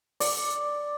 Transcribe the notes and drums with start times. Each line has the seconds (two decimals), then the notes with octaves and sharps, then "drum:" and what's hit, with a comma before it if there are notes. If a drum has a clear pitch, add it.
0.20 D5, drum: open hi-hat